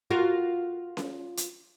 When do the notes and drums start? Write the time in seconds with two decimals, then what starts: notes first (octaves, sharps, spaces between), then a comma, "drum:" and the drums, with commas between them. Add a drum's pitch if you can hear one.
0.10 F4 F#4 A#4
0.97 drum: snare C#4
1.37 drum: hi-hat